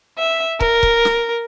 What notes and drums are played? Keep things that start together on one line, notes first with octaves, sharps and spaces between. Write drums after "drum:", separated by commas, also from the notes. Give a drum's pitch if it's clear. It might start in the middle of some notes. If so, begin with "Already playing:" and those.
E5
A#4, drum: kick
drum: kick
drum: snare